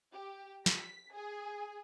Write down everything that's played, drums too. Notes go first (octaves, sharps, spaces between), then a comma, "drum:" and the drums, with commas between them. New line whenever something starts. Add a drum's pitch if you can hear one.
G4
B6, drum: snare
G#4